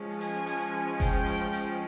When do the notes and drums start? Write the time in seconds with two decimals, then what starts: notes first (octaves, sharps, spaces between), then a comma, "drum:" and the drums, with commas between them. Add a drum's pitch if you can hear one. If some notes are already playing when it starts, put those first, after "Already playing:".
Already playing: F3 G#3 C#4
0.21 G#5, drum: hi-hat
0.47 drum: hi-hat
1.00 G5, drum: kick F#1, hi-hat
1.26 drum: hi-hat
1.53 drum: hi-hat